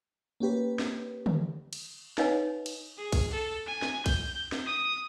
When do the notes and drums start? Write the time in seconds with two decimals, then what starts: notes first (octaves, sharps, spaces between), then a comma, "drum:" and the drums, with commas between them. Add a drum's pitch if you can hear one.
0.40 A#3 C#4 G4 B4
0.79 drum: snare
1.26 drum: tom
1.73 drum: cymbal
2.18 D#4 B4 C#5 D#5 F5 G#5, drum: snare
2.66 drum: cymbal
2.98 G#4
3.12 drum: kick, cymbal
3.31 A4
3.66 G#5
3.82 drum: snare
4.06 G6, drum: kick, cymbal
4.52 drum: snare
4.66 D#6